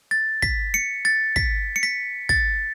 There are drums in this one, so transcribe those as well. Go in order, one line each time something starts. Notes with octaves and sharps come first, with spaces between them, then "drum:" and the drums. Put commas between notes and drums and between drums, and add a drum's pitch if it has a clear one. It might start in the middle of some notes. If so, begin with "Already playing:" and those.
A6
B6, drum: kick
C#7
A6
B6, drum: kick
C#7
B6
A6, drum: kick